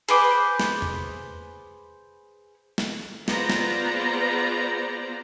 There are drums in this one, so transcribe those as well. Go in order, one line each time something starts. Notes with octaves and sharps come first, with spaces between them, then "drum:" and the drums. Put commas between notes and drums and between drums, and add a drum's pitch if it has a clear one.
G#4 B4 C5 D6, drum: hi-hat
drum: snare
drum: tom E2
drum: snare
B3 F4 G#4 C5 D5 A#5, drum: snare
drum: snare